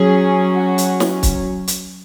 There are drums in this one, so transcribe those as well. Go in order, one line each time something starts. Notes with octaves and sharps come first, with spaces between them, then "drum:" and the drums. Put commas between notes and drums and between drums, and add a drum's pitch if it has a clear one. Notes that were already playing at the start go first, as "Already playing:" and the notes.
Already playing: F#3 C#4 G#4
F#4
drum: hi-hat
drum: snare
drum: kick, hi-hat
drum: hi-hat